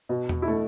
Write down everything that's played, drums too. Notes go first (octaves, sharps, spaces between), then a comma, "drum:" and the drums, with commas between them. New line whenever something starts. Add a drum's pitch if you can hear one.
B2
drum: tom E2
E4
A3